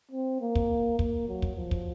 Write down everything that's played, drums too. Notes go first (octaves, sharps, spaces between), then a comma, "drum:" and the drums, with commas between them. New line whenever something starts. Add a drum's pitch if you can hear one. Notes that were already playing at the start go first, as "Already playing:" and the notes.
C4
A#3
drum: kick
A#3, drum: kick
F#3
drum: kick
F3
drum: kick